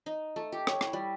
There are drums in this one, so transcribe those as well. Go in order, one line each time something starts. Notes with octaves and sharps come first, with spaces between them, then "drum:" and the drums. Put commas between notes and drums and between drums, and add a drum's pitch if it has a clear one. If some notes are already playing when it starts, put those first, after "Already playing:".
D#4
A3
G4
C#5, drum: rim click
E4, drum: rim click
G3